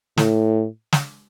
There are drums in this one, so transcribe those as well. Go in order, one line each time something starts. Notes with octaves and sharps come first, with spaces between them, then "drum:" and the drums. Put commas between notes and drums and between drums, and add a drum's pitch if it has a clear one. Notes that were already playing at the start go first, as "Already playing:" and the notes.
A2, drum: snare
drum: snare